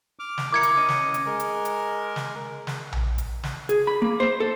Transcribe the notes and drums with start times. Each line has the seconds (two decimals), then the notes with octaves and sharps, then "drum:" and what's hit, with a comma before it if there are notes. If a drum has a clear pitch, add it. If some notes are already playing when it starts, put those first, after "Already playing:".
0.19 D6 F6
0.38 drum: snare
0.53 E4 A#4 D6 G#6 C#7
0.63 drum: hi-hat
0.76 C#4 D#5
0.89 drum: snare
1.14 drum: hi-hat
1.26 G#3 A#4
1.40 drum: hi-hat
1.65 drum: hi-hat
2.16 drum: snare
2.67 drum: snare
2.92 drum: tom A#1
3.18 drum: hi-hat
3.43 drum: snare
3.69 G#4, drum: hi-hat
3.87 B5
4.02 A#3
4.20 C5
4.40 A4